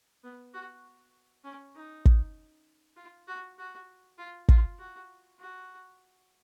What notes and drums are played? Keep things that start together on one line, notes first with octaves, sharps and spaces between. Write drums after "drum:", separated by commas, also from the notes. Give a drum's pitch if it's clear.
B3
F#4
C#4
D#4
drum: kick
F4
F#4
F#4
F4
F4, drum: kick
F#4
F#4